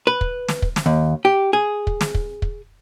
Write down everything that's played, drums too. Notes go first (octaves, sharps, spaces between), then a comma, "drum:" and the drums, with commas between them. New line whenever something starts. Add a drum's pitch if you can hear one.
B4
drum: kick
drum: snare
drum: kick
drum: snare
D#2
G4
G#4
drum: kick
drum: snare
drum: kick
drum: kick